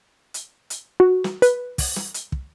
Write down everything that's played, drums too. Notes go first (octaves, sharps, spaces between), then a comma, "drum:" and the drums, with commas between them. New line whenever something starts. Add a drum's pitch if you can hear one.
drum: hi-hat
drum: hi-hat
F#4
drum: snare
B4, drum: hi-hat
drum: kick, open hi-hat
drum: snare
drum: hi-hat
drum: kick